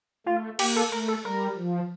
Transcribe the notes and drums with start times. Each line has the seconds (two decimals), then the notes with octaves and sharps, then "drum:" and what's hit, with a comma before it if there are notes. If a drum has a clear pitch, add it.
0.26 A3 F4
0.59 A#3 G4, drum: cymbal
0.76 A4
0.92 A3 A#4
1.08 A4
1.25 G3 A#4
1.57 F3